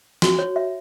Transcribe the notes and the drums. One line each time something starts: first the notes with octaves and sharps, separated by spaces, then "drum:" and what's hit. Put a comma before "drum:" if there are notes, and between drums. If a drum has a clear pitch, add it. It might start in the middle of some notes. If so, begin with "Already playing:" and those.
F#4, drum: snare
C#5
E5